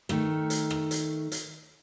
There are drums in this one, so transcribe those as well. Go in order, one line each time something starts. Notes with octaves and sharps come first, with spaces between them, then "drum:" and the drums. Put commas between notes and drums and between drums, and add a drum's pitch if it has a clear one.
D#3 A3, drum: rim click
drum: hi-hat
drum: rim click
drum: hi-hat
drum: hi-hat